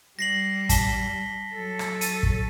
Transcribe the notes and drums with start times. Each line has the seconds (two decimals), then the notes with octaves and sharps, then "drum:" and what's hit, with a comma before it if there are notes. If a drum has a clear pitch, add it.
0.19 G3 A#6 C7 F#7
0.69 A5 B6 G7, drum: kick, hi-hat
1.54 F#3 A4
1.79 drum: rim click
2.01 D#7, drum: hi-hat
2.23 drum: kick